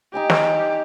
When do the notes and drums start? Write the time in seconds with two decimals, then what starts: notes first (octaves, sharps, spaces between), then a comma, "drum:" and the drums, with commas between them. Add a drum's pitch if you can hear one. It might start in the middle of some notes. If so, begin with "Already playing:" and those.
0.14 D#4 G4 G#5 A#5
0.30 drum: snare